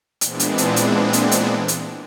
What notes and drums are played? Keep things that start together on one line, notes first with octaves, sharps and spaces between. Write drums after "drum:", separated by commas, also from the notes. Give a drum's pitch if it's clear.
A#2 E3 G#3 B3 C4 D4, drum: hi-hat
drum: hi-hat
drum: hi-hat
drum: hi-hat
drum: hi-hat
drum: hi-hat
drum: hi-hat